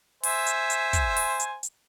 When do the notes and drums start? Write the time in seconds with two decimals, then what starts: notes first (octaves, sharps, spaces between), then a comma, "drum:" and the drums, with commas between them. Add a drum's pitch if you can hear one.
0.23 C5 E5 G#5, drum: open hi-hat
0.47 drum: hi-hat
0.70 drum: hi-hat
0.93 drum: kick, hi-hat
1.16 drum: open hi-hat
1.40 drum: hi-hat
1.63 drum: hi-hat